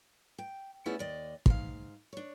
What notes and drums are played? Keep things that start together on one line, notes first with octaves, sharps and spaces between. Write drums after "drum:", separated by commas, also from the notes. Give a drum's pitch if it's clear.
G5
A3 B3 C#4 E4 G#4 D5
D#2 D5 D#5
G#2 C5 F5, drum: kick
D4 C#5